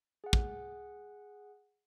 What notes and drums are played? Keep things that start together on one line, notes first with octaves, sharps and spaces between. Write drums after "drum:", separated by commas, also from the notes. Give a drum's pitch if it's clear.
G#4 F#5
drum: kick